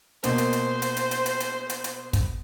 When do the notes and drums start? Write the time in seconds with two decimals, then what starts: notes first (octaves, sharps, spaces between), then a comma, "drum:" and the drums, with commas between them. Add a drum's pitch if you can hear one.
0.24 B2 A#3 C5, drum: hi-hat
0.38 drum: hi-hat
0.53 drum: hi-hat
0.82 drum: hi-hat
0.97 drum: hi-hat
1.11 drum: hi-hat
1.26 drum: hi-hat
1.40 drum: hi-hat
1.70 drum: hi-hat
1.84 drum: hi-hat
2.13 drum: kick, hi-hat